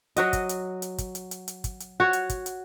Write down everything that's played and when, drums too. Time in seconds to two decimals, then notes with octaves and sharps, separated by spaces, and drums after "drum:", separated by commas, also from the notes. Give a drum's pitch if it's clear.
0.16 F#3 F#4 D#5, drum: hi-hat
0.33 drum: kick, hi-hat
0.49 drum: hi-hat
0.82 drum: hi-hat
0.98 drum: kick, hi-hat
1.15 drum: hi-hat
1.31 drum: hi-hat
1.48 drum: hi-hat
1.64 drum: kick, hi-hat
1.80 drum: hi-hat
2.00 F#4 C#5
2.13 drum: hi-hat
2.29 drum: kick, hi-hat
2.46 drum: hi-hat